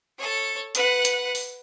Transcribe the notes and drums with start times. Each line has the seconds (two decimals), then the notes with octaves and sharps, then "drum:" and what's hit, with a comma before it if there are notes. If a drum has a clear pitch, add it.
0.18 A4 C#5
0.75 B4 F#5, drum: hi-hat
1.05 drum: hi-hat
1.35 drum: open hi-hat